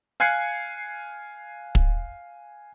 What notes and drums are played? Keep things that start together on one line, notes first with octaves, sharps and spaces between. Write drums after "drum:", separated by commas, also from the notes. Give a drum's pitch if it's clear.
F5 G#5 F#6 G#6 C7 C#7
drum: kick